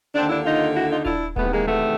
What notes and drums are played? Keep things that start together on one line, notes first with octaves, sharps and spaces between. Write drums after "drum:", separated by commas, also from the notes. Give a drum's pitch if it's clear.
D#2 D3 C4 D4
D4 E4
D#4 F4
E4 F#4
D#4 F4
F4
D4 E4, drum: kick D#1
E2 C3 D#3 A3 B3, drum: kick D#1
G#3 A#3
A3 B3